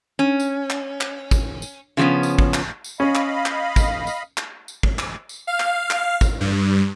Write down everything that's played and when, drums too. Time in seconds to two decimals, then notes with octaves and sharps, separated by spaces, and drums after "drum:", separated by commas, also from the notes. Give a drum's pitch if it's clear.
0.19 C#4
0.40 drum: tambourine
0.70 drum: clap
1.01 drum: clap
1.31 drum: kick, tambourine
1.62 drum: tambourine
1.97 C#3 F3 F#3 B3 C#4
2.23 drum: tambourine
2.39 drum: kick
2.54 drum: clap
2.84 drum: tambourine
3.00 C#4 D#5 F5 B5
3.15 drum: clap
3.46 drum: clap
3.76 drum: kick, tambourine
4.07 drum: tambourine
4.37 drum: clap
4.68 drum: tambourine
4.83 drum: kick
4.99 drum: clap
5.29 drum: tambourine
5.47 F5
5.60 drum: clap
5.90 drum: clap
6.21 drum: kick, tambourine
6.41 G2